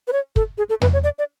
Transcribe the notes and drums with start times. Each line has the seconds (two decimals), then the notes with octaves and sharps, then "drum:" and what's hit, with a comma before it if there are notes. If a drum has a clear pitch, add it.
0.08 B4
0.13 C#5
0.36 A4, drum: kick
0.58 G#4
0.69 A4
0.81 B4, drum: tom E2
0.93 C#5
1.04 D5
1.19 D5